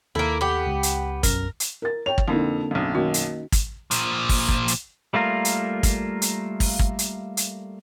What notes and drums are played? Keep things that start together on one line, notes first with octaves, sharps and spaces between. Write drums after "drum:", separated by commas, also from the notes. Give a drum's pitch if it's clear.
D#2 A#3 E4 A4
B3 G4
C#2
drum: hi-hat
B1 F#2 A#4, drum: kick, hi-hat
drum: hi-hat
A#4 A6
C#5 G5 F7
drum: kick
F2 D3 A#3 C4 D#4 E4 C6
B1 F#2
D#3 A#3 C#4 F#4
drum: hi-hat
drum: kick, hi-hat
A#2 F3, drum: hi-hat
drum: kick, open hi-hat
drum: kick
drum: hi-hat
G3 A3 A#3 F4 A#4
drum: hi-hat
drum: kick, hi-hat
drum: hi-hat
drum: kick, open hi-hat
drum: kick
drum: hi-hat
drum: hi-hat